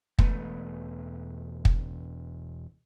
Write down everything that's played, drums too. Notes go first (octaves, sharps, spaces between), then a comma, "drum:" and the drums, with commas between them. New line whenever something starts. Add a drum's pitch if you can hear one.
E1 A3 B3, drum: kick
drum: kick